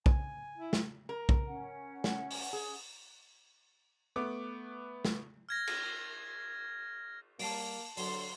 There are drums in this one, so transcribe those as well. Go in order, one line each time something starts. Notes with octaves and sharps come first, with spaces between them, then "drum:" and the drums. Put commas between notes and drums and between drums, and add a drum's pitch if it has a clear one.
G#5, drum: kick
E4
drum: snare
A#4
drum: kick
C#4 F#5
drum: snare
drum: open hi-hat
G#4
A3 B3 D6
drum: snare
F6 G#6 A#6
drum: cymbal
G3 A#3 A5 C7 D7, drum: open hi-hat
D3 F#3 C6, drum: open hi-hat